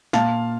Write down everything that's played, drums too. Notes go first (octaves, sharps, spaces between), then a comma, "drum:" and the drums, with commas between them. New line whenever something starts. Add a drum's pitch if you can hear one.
A#2 F5 A5, drum: snare